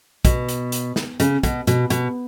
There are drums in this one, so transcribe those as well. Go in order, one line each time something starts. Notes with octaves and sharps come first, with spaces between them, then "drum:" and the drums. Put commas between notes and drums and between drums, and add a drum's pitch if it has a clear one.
B2, drum: kick, hi-hat
drum: hi-hat
drum: hi-hat
drum: snare
C#3, drum: hi-hat
B2, drum: kick, hi-hat
B2, drum: hi-hat
B2, drum: hi-hat